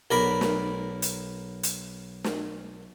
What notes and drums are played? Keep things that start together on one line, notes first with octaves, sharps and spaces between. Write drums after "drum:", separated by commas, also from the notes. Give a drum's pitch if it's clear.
B1 A#4 D5 B5
drum: snare
drum: hi-hat
drum: hi-hat
drum: snare